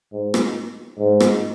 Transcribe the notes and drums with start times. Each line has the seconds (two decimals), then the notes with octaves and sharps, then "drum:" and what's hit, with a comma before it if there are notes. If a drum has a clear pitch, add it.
0.12 G#2
0.34 drum: rim click
0.99 G#2
1.20 drum: rim click